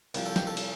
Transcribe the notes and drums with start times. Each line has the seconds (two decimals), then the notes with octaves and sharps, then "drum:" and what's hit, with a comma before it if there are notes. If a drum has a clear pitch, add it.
0.14 C2 C3 F3, drum: cymbal
0.26 A4
0.36 G4, drum: snare
0.47 A4
0.57 drum: cymbal